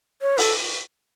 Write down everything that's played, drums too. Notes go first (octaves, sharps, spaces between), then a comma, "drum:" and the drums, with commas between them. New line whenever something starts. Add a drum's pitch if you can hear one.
C#5
A4, drum: open hi-hat